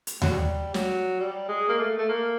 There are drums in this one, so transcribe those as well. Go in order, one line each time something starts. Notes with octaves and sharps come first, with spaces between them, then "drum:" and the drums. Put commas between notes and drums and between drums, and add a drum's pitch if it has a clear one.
drum: hi-hat
F#3, drum: tom D#2
G3
F#3, drum: snare
G3
G#3
A#3
A3
A3
A#3